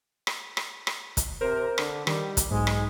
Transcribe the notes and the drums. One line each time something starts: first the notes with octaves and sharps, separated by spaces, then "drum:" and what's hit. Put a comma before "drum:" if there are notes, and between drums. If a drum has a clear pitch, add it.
drum: rim click
drum: rim click
drum: rim click
drum: kick, hi-hat
C3 A#4 C5
D3, drum: rim click
D#3 G3, drum: rim click
drum: kick, hi-hat
B1 G#2 G#3
drum: rim click